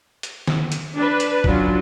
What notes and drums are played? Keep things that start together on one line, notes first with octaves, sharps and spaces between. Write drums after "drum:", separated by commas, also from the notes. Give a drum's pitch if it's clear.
drum: hi-hat
drum: snare
drum: hi-hat
D4 B4
drum: hi-hat
F#3 C#4 D4 F4 F#4, drum: kick